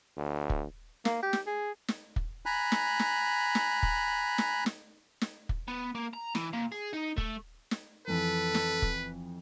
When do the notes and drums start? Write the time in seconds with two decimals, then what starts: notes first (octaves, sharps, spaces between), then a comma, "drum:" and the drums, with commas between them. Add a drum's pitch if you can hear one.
0.17 D2
0.50 drum: kick
1.05 A#3, drum: snare
1.23 G4
1.33 drum: snare
1.47 G#4
1.88 drum: snare
2.16 drum: kick
2.46 G#5 A#5 B5 F#6
2.72 drum: snare
2.99 drum: snare
3.55 drum: snare
3.83 drum: kick
4.38 drum: snare
4.66 drum: snare
5.21 drum: snare
5.49 drum: kick
5.68 B3
5.95 A#3
6.13 A#5
6.35 E3, drum: snare
6.53 A#2
6.72 G#4
6.93 D#4
7.18 A3, drum: kick
7.71 drum: snare
8.08 F2 E3 A4 B4
8.55 drum: snare
8.82 drum: kick